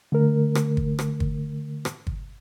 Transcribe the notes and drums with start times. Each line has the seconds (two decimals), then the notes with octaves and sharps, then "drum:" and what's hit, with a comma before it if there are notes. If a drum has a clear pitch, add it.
0.12 D3 A3 A#4
0.55 drum: rim click
0.77 drum: kick
0.99 drum: rim click
1.20 drum: kick
1.85 drum: rim click
2.07 drum: kick